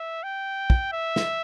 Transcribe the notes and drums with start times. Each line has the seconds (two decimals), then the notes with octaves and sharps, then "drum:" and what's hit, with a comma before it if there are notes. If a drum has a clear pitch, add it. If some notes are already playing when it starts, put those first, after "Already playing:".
Already playing: E5
0.23 G5
0.70 drum: kick
0.93 E5
1.16 drum: snare